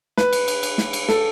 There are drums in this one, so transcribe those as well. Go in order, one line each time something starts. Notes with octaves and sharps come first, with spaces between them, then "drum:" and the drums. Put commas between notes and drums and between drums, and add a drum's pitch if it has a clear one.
B4, drum: snare
drum: cymbal
drum: cymbal
drum: cymbal
drum: snare
drum: cymbal
A4, drum: snare